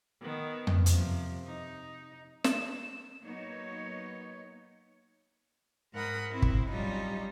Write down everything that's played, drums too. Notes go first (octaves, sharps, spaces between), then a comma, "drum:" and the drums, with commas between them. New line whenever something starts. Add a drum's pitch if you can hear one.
D#3 B3
drum: tom F2
C3 F3, drum: hi-hat
D#4
E7, drum: snare
F#3 A#3 B3 D#4 C#5
G#2 A#4 F#5 B5 D#6
C4 E4
drum: kick
F#3 G3 C#4 D#4 F4